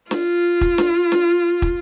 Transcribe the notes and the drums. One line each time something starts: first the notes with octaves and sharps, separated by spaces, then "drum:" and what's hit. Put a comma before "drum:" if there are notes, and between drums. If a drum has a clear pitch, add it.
F4, drum: snare
drum: kick
drum: snare
drum: snare
drum: kick